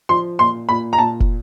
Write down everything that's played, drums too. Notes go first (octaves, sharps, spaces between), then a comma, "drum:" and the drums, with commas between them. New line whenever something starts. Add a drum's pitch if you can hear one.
F3 C6
A#2 C6
A#2 B5
A#5
A#2 A5
drum: kick